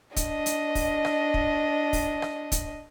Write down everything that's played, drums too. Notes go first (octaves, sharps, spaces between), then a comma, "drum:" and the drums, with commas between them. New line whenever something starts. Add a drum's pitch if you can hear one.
D4 D#5, drum: kick, hi-hat
drum: hi-hat
drum: kick, open hi-hat
drum: rim click
drum: kick
drum: kick, open hi-hat
drum: rim click
drum: kick, hi-hat